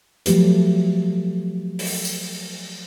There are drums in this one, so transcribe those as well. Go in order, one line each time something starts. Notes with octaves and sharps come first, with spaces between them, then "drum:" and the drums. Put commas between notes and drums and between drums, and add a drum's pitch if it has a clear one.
F3 F#3 A3 G4 B4, drum: hi-hat
drum: open hi-hat
drum: tambourine